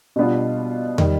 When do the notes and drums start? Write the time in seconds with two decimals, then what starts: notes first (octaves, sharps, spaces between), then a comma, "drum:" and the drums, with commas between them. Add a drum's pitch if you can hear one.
0.16 B2 G3 B3 D4 F4
0.98 D#3 G3, drum: tom